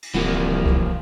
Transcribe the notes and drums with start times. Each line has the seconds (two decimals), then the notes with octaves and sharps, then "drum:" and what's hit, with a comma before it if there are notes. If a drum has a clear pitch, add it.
0.02 drum: cymbal
0.14 D1 C2 E3 F3 A#3 C4 F4 F#5
0.66 drum: kick C2